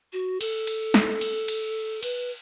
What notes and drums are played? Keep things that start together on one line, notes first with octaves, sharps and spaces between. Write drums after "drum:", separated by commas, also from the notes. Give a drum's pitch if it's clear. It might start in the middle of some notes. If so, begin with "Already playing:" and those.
F#4
A4, drum: cymbal
drum: cymbal
drum: snare
drum: cymbal
drum: cymbal
B4, drum: cymbal